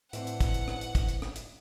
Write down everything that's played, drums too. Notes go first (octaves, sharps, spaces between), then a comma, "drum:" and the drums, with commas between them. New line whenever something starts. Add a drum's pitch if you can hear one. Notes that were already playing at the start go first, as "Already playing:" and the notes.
A2 E3 C4 D4 F#5, drum: hi-hat
drum: hi-hat
drum: kick, hi-hat
drum: hi-hat
drum: rim click
drum: hi-hat
drum: kick, hi-hat
drum: hi-hat
drum: rim click
drum: hi-hat